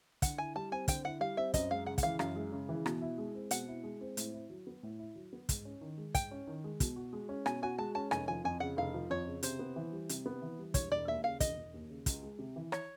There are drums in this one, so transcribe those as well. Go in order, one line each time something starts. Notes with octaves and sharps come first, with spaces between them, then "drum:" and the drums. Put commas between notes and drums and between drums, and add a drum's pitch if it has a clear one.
D3 F#5, drum: kick, hi-hat
E4 G#5
G3 A5
C4 G#5
D3 G5, drum: kick, hi-hat
E4 F#5
G3 F5
C4 E5
F#2 D#5, drum: kick, hi-hat
G#3 F5
C#3 F#5
F#5, drum: kick, hi-hat
E3 F5
F#2 F5, drum: rim click
G#3
C#3
E3
B2, drum: rim click
E4
G#3
C4
B2 F#5, drum: hi-hat
E4
G#3
C4
A2, drum: hi-hat
E4
F#3
B3
A2
E4
F#3
B3
G#2, drum: kick, hi-hat
C#4
D#3
G#3
G#2 G5, drum: kick, hi-hat
C#4
D#3
G#3
B2, drum: kick, hi-hat
F#4
G#3
C#4
B2 G#5, drum: rim click
F#4 G#5
G#3 A5
C#4 A5
F1 G#5, drum: rim click
F3 G#5
F2 G#5
C#3 F#5
F1 F5
F3
F2 C#5
C#3
C3 C5, drum: hi-hat
B3
E3
G3
C3, drum: hi-hat
B3
E3
G3
E1 C#5, drum: kick, hi-hat
E1 D5
D#2 E5
C#3 F5
E1 D#5, drum: kick, hi-hat
E1
D#2
C#3
C#2, drum: kick, hi-hat
G#3
C3
E3
C#5, drum: rim click